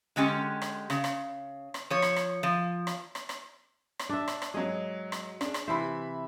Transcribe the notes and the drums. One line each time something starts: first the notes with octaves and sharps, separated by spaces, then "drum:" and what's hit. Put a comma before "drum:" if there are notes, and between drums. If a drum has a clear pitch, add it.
D3 G#3 C#4 G4
drum: rim click
C#3, drum: rim click
drum: rim click
drum: rim click
F3 C#5
drum: rim click
drum: rim click
F3
drum: rim click
drum: rim click
drum: rim click
drum: rim click
D4 E5
drum: rim click
drum: rim click
G#2 F#3 G#4 D#5
drum: rim click
D4 G#4, drum: rim click
drum: rim click
C3 E3 C5 E5 B5